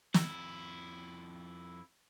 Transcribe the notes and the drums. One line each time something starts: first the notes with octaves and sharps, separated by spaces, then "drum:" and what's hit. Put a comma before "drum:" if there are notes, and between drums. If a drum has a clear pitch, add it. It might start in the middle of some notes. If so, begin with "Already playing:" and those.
F2 E4, drum: snare